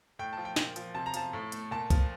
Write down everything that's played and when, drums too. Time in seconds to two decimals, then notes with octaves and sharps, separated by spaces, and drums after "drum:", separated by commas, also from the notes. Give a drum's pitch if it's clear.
0.19 A2 G5
0.33 F3 A5
0.45 G5
0.56 A#2, drum: snare
0.76 F3, drum: hi-hat
0.94 C3 A5
1.06 A#5
1.14 F3 A5, drum: hi-hat
1.33 A2
1.52 A3, drum: hi-hat
1.71 A#2 A5
1.90 F3, drum: kick B1, hi-hat